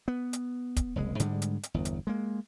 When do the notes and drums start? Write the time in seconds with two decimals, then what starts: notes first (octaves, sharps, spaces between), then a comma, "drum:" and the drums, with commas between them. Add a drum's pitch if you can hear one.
0.08 B3
0.33 drum: hi-hat
0.76 drum: kick, hi-hat
0.96 F#1 C2 G#3
1.20 G#2 D3 G3 G#3, drum: hi-hat
1.42 drum: hi-hat
1.63 drum: hi-hat
1.74 G1 E2
1.85 drum: hi-hat
2.07 G#3 A#3